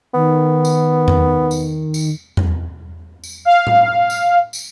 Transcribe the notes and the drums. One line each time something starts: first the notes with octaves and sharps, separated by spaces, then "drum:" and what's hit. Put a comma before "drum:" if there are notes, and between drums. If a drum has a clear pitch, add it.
D#3 B3
drum: tambourine
drum: tom E2
drum: tambourine
drum: tambourine
drum: tom E2
drum: tambourine
F5
drum: tom A2
drum: tambourine
drum: tambourine